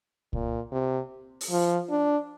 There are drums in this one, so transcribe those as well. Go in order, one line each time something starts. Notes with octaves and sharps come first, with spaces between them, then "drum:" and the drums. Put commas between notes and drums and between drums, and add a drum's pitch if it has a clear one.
A#2, drum: kick C2
C3
drum: open hi-hat
F3
D4